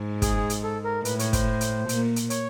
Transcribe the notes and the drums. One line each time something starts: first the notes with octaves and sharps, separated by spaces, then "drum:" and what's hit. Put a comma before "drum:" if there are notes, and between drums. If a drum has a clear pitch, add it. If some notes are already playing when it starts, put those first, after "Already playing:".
Already playing: G#2
G#4, drum: kick, hi-hat
drum: hi-hat
A4
A#4
A2 B4, drum: hi-hat
C#5, drum: hi-hat
C5, drum: kick, hi-hat
drum: hi-hat
A#2, drum: hi-hat
drum: hi-hat
C#5, drum: hi-hat